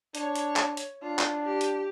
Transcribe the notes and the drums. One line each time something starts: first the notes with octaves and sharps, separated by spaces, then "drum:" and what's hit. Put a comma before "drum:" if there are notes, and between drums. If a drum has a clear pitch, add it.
D4 C#5, drum: hi-hat
drum: hi-hat
drum: clap
drum: hi-hat
D4 F4
drum: clap
G4
drum: hi-hat